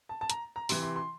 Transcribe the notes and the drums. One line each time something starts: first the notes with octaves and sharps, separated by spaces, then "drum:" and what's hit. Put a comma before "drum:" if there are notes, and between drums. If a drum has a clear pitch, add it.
A5
A5
A#5, drum: hi-hat
A#5
C3 E3 C6, drum: open hi-hat
C6
C6